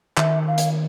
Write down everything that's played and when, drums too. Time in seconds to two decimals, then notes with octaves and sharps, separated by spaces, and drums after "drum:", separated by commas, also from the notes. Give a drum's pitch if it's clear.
0.17 D#3 E5, drum: clap
0.47 F5
0.58 drum: hi-hat